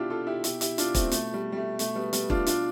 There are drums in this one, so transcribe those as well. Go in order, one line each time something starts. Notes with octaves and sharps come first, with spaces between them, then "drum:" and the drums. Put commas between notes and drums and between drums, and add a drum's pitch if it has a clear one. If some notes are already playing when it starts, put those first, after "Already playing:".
Already playing: B2 D4 E4 F4 G4
F4 A4
E4 G4
B2 E4 G4, drum: hi-hat
E4 G4, drum: hi-hat
D4 F4, drum: hi-hat
A3 C4, drum: kick, hi-hat
B2 A3, drum: hi-hat
G3
G3
A3
B2 A3, drum: hi-hat
G3 B3
G3 B3, drum: hi-hat
D4 F4, drum: kick
B2 D4 F4, drum: hi-hat